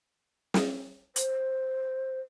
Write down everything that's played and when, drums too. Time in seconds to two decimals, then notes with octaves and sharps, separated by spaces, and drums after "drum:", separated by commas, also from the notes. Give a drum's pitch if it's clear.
0.54 drum: snare
1.16 C5, drum: hi-hat